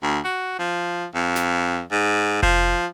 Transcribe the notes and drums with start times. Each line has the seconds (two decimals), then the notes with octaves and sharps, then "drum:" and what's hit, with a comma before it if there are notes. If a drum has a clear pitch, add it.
0.03 D2
0.24 F#4
0.59 F3
1.15 F2
1.36 drum: snare
1.92 G#2
2.43 F3, drum: kick F1